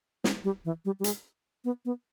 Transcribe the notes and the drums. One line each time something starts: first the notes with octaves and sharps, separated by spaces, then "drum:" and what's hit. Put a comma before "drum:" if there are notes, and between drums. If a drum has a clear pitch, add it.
C#4, drum: snare
G3
E3
G3
G3
G#3, drum: hi-hat
B3
B3